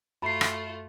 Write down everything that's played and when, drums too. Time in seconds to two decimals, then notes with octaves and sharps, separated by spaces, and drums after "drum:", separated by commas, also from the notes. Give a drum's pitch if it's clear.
0.22 F#2 A3 F4 B5 C7
0.41 drum: rim click